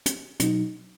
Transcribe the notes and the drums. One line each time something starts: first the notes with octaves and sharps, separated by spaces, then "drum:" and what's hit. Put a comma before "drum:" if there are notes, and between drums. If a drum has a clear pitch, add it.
drum: hi-hat
B2 F#3 D#4, drum: hi-hat